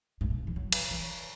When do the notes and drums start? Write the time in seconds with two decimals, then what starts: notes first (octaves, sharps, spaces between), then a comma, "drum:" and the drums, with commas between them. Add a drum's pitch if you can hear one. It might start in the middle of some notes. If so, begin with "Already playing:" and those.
0.21 G#2
0.30 B2
0.47 E3
0.56 F#3
0.72 drum: cymbal
0.91 E3